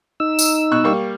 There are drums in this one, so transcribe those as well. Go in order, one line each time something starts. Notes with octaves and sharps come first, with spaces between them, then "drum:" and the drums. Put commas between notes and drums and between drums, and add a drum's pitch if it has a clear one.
D#4 E6
drum: tambourine
B2 C#6 F#6
G3 A#3 C#6